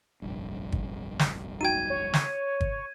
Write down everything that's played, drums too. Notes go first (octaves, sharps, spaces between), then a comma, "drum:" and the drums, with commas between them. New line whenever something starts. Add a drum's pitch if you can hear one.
F1 A#1 G2
drum: kick
drum: snare
D#4 F#4 G5 G#6 D#7
C#5
drum: snare
drum: kick